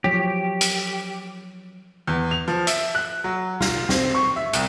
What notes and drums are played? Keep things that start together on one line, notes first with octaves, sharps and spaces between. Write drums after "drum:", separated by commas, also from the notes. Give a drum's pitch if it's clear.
F3 F#3 G4 C#5
drum: hi-hat
E2
F7
F3
E5, drum: hi-hat
F#6
F#3
F4, drum: snare
C4, drum: snare
C#6
E5
C2, drum: hi-hat